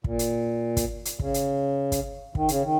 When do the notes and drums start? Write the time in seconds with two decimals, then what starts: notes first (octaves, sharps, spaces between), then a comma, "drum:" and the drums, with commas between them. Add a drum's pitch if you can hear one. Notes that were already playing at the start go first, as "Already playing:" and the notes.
0.04 A#2, drum: kick
0.19 drum: hi-hat
0.77 drum: kick, hi-hat
1.05 drum: hi-hat
1.19 C#3, drum: kick
1.34 drum: hi-hat
1.92 drum: kick, hi-hat
2.35 D#3, drum: kick
2.48 C#3, drum: hi-hat
2.63 D#3